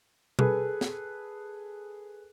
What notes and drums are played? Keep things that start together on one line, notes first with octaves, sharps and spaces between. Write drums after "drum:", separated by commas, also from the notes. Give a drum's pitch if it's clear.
G#4 A4 B4, drum: tom B2
drum: snare